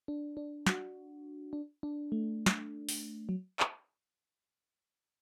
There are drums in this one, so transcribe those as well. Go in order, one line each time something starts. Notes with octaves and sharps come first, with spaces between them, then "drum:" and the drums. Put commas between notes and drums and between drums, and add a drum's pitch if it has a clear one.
D4
D4
F#4, drum: snare
D4
D4
A3
drum: snare
drum: open hi-hat
F#3
drum: clap